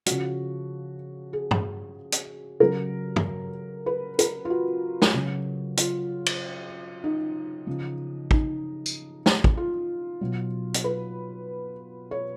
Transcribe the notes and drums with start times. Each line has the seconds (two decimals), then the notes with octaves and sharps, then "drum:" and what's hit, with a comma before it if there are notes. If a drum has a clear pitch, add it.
0.06 C#3 F3 F#4, drum: hi-hat
1.33 G#4
1.51 drum: tom G2
2.12 drum: hi-hat
2.60 C#3 F#3 A#4
3.16 drum: tom
3.86 B4
4.19 A#4, drum: hi-hat
4.45 F4
4.50 F#4
5.02 drum: snare
5.14 C#3 F#3
5.77 F4, drum: hi-hat
6.26 drum: cymbal
7.04 D#4
7.67 C#3 F3
8.31 D#4, drum: kick
8.86 drum: tambourine
9.26 drum: snare
9.44 drum: kick
9.57 F4
10.21 B2 F#3
10.74 drum: hi-hat
10.84 B4
12.11 C#5